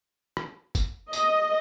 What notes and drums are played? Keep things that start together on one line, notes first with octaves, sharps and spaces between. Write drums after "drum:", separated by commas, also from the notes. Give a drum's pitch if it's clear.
drum: rim click
drum: kick, tambourine
D#5, drum: tambourine